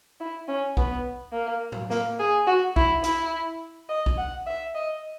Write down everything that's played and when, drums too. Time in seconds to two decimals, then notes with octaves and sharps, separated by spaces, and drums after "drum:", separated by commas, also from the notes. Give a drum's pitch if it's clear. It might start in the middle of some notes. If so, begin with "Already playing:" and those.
0.20 E4
0.48 C#4
0.77 B3, drum: kick
1.33 A#3
1.72 drum: tom A2
1.90 A#3, drum: snare A#3
2.19 G#4
2.47 F#4
2.76 E4, drum: kick
3.04 E4, drum: hi-hat
3.89 D#5
4.06 drum: kick
4.18 F#5
4.47 E5
4.75 D#5